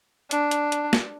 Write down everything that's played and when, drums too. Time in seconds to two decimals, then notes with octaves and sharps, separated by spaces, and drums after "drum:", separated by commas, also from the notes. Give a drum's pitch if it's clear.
0.31 D4, drum: hi-hat
0.51 drum: hi-hat
0.72 drum: hi-hat
0.93 drum: snare